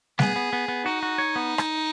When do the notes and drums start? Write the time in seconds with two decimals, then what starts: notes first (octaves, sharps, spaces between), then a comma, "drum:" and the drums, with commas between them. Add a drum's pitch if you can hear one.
0.19 B3 G#4, drum: snare
0.36 B3
0.53 B3
0.68 B3
0.85 D#4 F#4
1.03 F#4
1.18 C#5
1.36 B3
1.58 drum: rim click